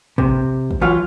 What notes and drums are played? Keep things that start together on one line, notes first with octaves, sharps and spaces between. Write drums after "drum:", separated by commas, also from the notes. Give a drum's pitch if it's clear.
C3, drum: kick
drum: kick
E3 F#3 F4